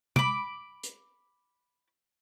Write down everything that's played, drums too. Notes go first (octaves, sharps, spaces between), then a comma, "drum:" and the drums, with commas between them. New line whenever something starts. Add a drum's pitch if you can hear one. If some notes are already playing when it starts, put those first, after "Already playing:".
B5 D6, drum: tom
drum: hi-hat